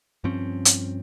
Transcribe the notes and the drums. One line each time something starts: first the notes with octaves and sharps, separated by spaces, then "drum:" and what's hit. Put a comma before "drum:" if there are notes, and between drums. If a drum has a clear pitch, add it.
G2 F3 C4 C#4
drum: hi-hat